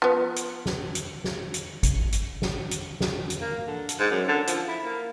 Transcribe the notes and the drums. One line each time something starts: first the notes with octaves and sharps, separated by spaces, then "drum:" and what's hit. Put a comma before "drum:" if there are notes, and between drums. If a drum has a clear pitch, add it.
F3 B3
drum: hi-hat
drum: snare
drum: hi-hat
drum: snare
drum: hi-hat
drum: kick, hi-hat
drum: hi-hat
drum: snare
drum: hi-hat
drum: snare
drum: hi-hat
A#3
D3
drum: hi-hat
G#2
F#2
D3
F3, drum: hi-hat
E4
A#3